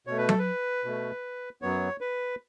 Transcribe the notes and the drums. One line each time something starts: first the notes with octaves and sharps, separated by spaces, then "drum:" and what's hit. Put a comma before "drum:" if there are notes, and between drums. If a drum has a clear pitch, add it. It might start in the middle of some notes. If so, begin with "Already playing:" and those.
B2 A3 C#5
B4
A4, drum: tom F#3
B4
B2 A3
F#2 F#3 B3 C#5
B4